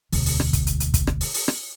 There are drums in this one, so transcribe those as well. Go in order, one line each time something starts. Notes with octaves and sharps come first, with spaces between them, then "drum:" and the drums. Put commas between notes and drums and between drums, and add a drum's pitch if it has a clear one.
E1 D2, drum: open hi-hat
drum: open hi-hat
drum: rim click
drum: kick, hi-hat
drum: hi-hat
drum: hi-hat
drum: kick, hi-hat
drum: rim click
drum: open hi-hat
drum: open hi-hat
drum: rim click